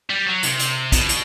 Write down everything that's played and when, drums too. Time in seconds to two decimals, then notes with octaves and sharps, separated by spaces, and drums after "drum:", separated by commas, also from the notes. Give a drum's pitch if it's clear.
0.10 G3
0.26 F#3
0.43 C3, drum: hi-hat
0.59 drum: hi-hat
0.92 B2, drum: kick, hi-hat
1.09 drum: hi-hat